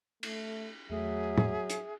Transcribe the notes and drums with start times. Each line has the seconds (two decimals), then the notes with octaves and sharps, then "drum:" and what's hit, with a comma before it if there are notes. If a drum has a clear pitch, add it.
0.23 A3, drum: cymbal
0.90 E2 F#3 A3 G#4 E5
1.38 drum: tom
1.70 drum: hi-hat